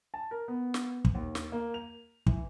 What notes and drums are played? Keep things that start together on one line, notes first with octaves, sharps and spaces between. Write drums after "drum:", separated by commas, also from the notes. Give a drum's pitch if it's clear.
A5
A#4
B3
drum: snare
drum: kick
D#2
drum: snare
A#3
F7
E3, drum: kick